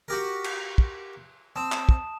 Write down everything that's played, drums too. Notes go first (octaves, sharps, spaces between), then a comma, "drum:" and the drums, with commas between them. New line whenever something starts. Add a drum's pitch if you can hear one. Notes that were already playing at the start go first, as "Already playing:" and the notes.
F#4 G4 A#4
drum: cymbal
drum: kick
C4 A5 D#6 E7
drum: clap
drum: kick